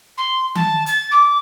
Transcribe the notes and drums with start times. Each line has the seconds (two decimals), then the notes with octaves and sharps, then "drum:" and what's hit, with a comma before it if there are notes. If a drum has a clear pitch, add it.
0.17 C6
0.55 A5, drum: tom D#3
0.86 A6, drum: hi-hat
1.11 D6